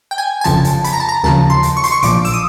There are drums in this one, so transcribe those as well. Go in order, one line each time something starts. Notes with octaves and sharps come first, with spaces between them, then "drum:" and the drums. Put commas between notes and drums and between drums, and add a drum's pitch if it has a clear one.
G5
G#5
G#5
G1 F2 C#3 F3 A5, drum: hi-hat
drum: hi-hat
B5, drum: hi-hat
A#5
A5
A#5
D#2 C#3 F3 A5, drum: snare
C6
drum: hi-hat
C#6
C6, drum: hi-hat
C#6
A#1 A#2 F3 D6, drum: hi-hat
E6, drum: hi-hat
D#6